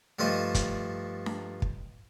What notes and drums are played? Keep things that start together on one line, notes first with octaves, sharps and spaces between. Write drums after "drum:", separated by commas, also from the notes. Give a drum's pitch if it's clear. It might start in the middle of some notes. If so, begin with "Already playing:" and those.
G2 F3 A3 D#4 D#5
drum: kick, hi-hat
drum: snare D4
drum: kick